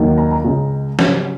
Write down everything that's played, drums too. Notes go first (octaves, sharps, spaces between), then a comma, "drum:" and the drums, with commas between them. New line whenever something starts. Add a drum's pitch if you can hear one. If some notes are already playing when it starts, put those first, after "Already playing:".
Already playing: D#2 D#3 F#3 A#3 D#4
A#5
A#5
C#2 C#3 G#3 C#4
C#3 F#3 C#4, drum: snare